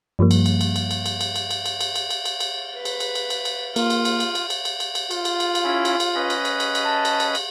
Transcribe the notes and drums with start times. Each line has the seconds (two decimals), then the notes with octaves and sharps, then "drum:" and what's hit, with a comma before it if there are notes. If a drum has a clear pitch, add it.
0.19 G2 F3 G3 A#3
0.31 drum: cymbal
0.46 drum: cymbal
0.61 drum: cymbal
0.76 drum: cymbal
0.91 drum: cymbal
1.06 drum: cymbal
1.21 drum: cymbal
1.36 drum: cymbal
1.51 drum: cymbal
1.66 drum: cymbal
1.80 drum: cymbal
1.95 drum: cymbal
2.10 drum: cymbal
2.25 drum: cymbal
2.40 drum: cymbal
2.75 B4
2.85 drum: cymbal
3.00 drum: cymbal
3.15 drum: cymbal
3.30 drum: cymbal
3.45 drum: cymbal
3.76 A#3 F4, drum: cymbal
3.90 drum: cymbal
4.05 drum: cymbal
4.20 drum: cymbal
4.35 drum: cymbal
4.50 drum: cymbal
4.65 drum: cymbal
4.80 drum: cymbal
4.95 drum: cymbal
5.11 F4, drum: cymbal
5.25 drum: cymbal
5.40 drum: cymbal
5.55 drum: cymbal
5.64 C#4 E4
5.85 drum: cymbal
6.00 drum: cymbal
6.15 C#4 B4 D#5
6.30 drum: cymbal
6.45 drum: cymbal
6.60 drum: cymbal
6.75 drum: cymbal
6.85 A5
7.05 drum: cymbal
7.20 drum: cymbal
7.35 drum: cymbal